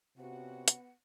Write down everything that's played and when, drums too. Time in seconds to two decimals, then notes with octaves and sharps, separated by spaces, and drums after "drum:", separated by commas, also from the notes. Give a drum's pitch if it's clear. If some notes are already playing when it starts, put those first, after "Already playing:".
0.18 C3 B3 C#4 F4 F#4 F#5
0.68 drum: hi-hat